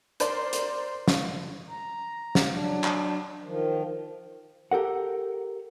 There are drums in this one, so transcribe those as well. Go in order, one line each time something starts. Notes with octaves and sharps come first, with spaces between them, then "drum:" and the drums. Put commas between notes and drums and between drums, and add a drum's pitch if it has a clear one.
A#4 C5 D5 C6, drum: hi-hat
drum: hi-hat
drum: snare
A#5
drum: snare
F#3 D4
drum: clap
D#3 F3
G4 A4 A#4 F#5